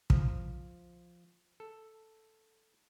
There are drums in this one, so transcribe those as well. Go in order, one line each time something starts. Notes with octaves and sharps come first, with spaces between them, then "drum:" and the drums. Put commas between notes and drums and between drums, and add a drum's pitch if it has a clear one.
F3, drum: kick
A4